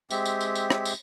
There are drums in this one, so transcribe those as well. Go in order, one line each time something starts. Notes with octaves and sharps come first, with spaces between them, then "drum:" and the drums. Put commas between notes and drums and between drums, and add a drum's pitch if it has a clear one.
G#3 C4 G4 E5, drum: tambourine
drum: tambourine
drum: tambourine
drum: tambourine
drum: rim click
drum: tambourine